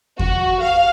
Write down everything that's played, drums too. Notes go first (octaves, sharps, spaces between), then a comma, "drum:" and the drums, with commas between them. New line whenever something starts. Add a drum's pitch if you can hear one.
F#4, drum: kick E2
F5